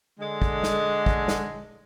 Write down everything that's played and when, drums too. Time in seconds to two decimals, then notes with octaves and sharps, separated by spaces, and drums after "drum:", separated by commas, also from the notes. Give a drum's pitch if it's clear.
0.20 D3 G#3
0.42 drum: kick
0.63 drum: snare
1.06 drum: kick
1.28 drum: snare